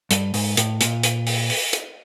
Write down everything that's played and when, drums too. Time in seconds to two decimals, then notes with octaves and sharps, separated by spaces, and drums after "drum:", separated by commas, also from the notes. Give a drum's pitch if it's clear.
0.11 G2, drum: hi-hat
0.34 G#2, drum: open hi-hat
0.57 A2, drum: hi-hat
0.81 A#2, drum: hi-hat
1.03 drum: hi-hat
1.27 drum: open hi-hat
1.50 drum: open hi-hat
1.73 drum: hi-hat